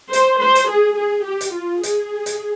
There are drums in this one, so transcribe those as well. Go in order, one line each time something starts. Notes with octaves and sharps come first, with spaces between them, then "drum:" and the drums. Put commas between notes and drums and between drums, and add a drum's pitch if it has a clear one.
C5, drum: hi-hat
C5
drum: hi-hat
G#4
G#4
G4
drum: hi-hat
F4
G#4, drum: hi-hat
drum: hi-hat